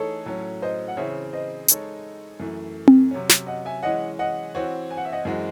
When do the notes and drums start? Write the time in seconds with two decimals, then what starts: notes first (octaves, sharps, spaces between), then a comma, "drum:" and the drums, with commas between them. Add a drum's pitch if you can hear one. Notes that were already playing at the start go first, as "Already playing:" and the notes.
Already playing: E3 A3 D#4 G#4 A4 C#5
0.26 A2 F#3 C#4
0.62 C5 D#5
0.88 F#5
0.97 C#3 E3 C4 C#5 E5
1.33 C5 D#5
1.68 G#3 D#4 A4 C#5, drum: hi-hat
2.40 F#2 E3 A3
2.88 drum: tom C4
3.11 C3 F#3 C#4
3.29 drum: snare
3.47 D#5 F#5
3.65 E5 G#5
3.83 E3 G#3 C#4 D#5 F#5
4.19 D#5 F#5
4.55 E3 C4 F#4 C#5
4.91 G#5
4.97 F#5
5.05 E5
5.12 D#5 F#5
5.25 F#2 E3 G#3 C4 F#4